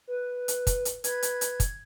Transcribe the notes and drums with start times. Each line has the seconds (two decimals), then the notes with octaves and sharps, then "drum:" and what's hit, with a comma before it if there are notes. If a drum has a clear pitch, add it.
0.08 B4
0.48 drum: hi-hat
0.67 drum: kick, hi-hat
0.85 drum: hi-hat
1.04 B4 G#6, drum: hi-hat
1.23 drum: hi-hat
1.41 drum: hi-hat
1.60 drum: kick, hi-hat